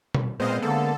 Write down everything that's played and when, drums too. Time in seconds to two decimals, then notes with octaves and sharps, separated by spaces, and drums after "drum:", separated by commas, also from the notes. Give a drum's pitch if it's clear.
0.14 drum: tom B2
0.40 A#2 G#3 B3 C4 C5 D#5 F5
0.62 D3 A#3 A4